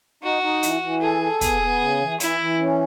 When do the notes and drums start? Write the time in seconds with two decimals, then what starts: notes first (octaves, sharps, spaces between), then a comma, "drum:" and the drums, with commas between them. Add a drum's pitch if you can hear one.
0.23 D#4 F#4
0.42 D#4
0.63 E3, drum: hi-hat
0.81 E3
1.02 G#4 A4
1.22 A4
1.41 B3 G#4, drum: kick, hi-hat
1.61 B3
1.80 C#3
1.99 E3
2.20 E3 E4, drum: hi-hat
2.39 E3
2.59 C#4